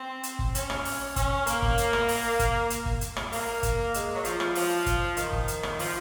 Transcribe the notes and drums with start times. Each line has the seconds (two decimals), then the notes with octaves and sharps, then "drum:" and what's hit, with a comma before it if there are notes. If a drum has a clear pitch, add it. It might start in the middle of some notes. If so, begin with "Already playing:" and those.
Already playing: C4
0.23 drum: hi-hat
0.39 drum: kick
0.55 C#4, drum: hi-hat
0.70 drum: rim click
0.85 drum: open hi-hat
1.16 C#4, drum: kick, hi-hat
1.47 A#3, drum: hi-hat
1.62 drum: kick
1.78 drum: hi-hat
1.93 drum: rim click
2.09 drum: open hi-hat
2.39 drum: kick, hi-hat
2.70 drum: hi-hat
2.86 drum: kick
3.01 drum: hi-hat
3.16 drum: rim click
3.32 A#3, drum: open hi-hat
3.63 drum: kick, hi-hat
3.94 G#3, drum: hi-hat
4.16 F#3
4.25 F3, drum: hi-hat
4.40 drum: rim click
4.55 F3, drum: open hi-hat
4.86 drum: kick, hi-hat
5.17 D#3, drum: hi-hat
5.32 drum: kick
5.48 drum: hi-hat
5.63 drum: rim click
5.79 F3, drum: open hi-hat